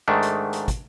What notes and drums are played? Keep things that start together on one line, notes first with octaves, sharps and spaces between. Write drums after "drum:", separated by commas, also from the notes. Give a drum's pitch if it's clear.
G#2 D#3 A3 D4
drum: hi-hat
drum: hi-hat
drum: kick, hi-hat